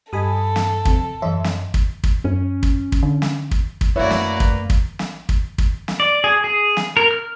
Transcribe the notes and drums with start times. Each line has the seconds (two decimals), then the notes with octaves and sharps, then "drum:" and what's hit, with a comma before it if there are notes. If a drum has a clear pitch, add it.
0.13 G2 G4 A4 D#5 G#5 B5 D#6
0.56 drum: snare
0.85 F2 C3, drum: kick
1.22 F#2 E3 D#5 E5 C6
1.44 drum: snare
1.74 drum: kick
2.04 drum: kick
2.24 F#2 C#4
2.63 drum: kick
2.92 drum: kick
3.03 D3
3.22 drum: snare
3.51 drum: kick
3.81 drum: kick
3.96 F#2 A3 A#3 E4 F#4 B4 C#5 D5
4.11 drum: snare
4.40 drum: kick
4.70 drum: kick
4.99 drum: snare
5.29 drum: kick
5.58 drum: kick
5.88 drum: snare
6.00 D5
6.24 G#4
6.44 G#4
6.77 drum: snare
6.97 A#4
7.11 F6